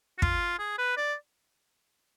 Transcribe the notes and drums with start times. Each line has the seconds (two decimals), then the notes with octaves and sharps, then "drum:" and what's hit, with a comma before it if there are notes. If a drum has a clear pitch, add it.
0.18 F#4
0.22 F4, drum: kick
0.59 G#4
0.78 B4
0.97 D5